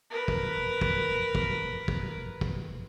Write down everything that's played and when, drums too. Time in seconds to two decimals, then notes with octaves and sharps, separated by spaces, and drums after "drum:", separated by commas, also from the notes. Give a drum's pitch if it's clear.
0.10 A#4 B4
0.28 drum: kick
0.81 drum: kick
1.35 drum: kick
1.88 drum: kick
2.41 drum: kick